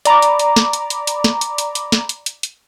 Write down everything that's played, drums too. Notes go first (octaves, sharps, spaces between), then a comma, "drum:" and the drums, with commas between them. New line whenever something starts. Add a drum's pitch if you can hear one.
D5 A#5 B5 D6, drum: hi-hat
drum: hi-hat
drum: hi-hat
drum: snare
drum: hi-hat
drum: hi-hat
drum: hi-hat
drum: snare
drum: hi-hat
drum: hi-hat
drum: hi-hat
drum: snare
drum: hi-hat
drum: hi-hat
drum: hi-hat